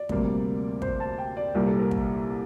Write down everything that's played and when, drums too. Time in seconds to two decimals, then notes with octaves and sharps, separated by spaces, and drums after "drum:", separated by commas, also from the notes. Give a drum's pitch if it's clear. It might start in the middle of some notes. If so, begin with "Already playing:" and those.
Already playing: D5
0.09 D2 C3 G3 A#3, drum: kick
0.82 C5, drum: kick
1.00 A5
1.18 G5
1.37 D5
1.55 C2 A#2 G3 A#3 A#4
1.67 A4
1.79 A#4
1.91 drum: kick